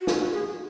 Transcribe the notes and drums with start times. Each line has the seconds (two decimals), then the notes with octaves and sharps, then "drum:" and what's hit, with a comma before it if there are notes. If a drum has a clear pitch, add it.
0.01 F#4
0.07 F4, drum: snare
0.20 F#4
0.33 G#4